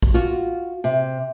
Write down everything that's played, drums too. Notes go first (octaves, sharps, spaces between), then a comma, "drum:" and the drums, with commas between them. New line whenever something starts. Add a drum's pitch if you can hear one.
drum: kick A#1
F4 F#4
C3